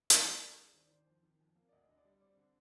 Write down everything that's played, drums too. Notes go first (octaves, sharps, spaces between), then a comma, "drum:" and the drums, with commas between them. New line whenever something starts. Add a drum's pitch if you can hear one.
D4, drum: hi-hat
G#4
G3 A#4
D2
G#4
D4
D#3 C5
D5
D#3 C5
F2
D#3
F2
A#3
D5
D2 D#5
D3 D#5
D5
G3
C4 D5
D3